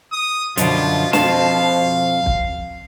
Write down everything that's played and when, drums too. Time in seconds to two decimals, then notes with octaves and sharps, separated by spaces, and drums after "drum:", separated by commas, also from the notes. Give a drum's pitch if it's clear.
0.12 D#6
0.57 F#2 B2 D3 F3 F4, drum: hi-hat
1.13 F2 F5 A5, drum: snare
2.26 drum: kick